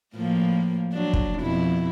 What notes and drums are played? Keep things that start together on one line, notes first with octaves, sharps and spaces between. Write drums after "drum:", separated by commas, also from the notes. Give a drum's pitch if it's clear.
A2 F3 A#3
F#3 D4
drum: kick
F2 B2 E4